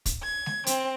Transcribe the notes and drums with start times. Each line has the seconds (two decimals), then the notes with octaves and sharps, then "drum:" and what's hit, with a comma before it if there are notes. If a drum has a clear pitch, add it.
0.06 drum: kick, hi-hat
0.22 G#6
0.46 drum: snare G#3
0.66 C4, drum: hi-hat